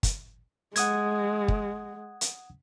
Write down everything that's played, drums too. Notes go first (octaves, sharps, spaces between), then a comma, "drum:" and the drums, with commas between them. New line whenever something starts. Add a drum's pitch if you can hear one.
drum: kick, hi-hat
G#3 F#5 D#6 G#6, drum: hi-hat
drum: kick
drum: hi-hat